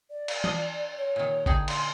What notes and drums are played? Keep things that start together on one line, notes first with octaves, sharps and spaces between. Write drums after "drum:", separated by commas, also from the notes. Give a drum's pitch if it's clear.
D5
drum: cymbal
D4 D#5, drum: tom E3
C#5
A#2 D#3
D3 D#4 G#4 G5, drum: kick G#1
C6, drum: cymbal